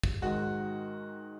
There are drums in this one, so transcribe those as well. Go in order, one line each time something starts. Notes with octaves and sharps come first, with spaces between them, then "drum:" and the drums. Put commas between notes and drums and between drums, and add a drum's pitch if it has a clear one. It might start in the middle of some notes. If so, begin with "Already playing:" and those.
drum: kick
G#2 D#3 G#3 F#4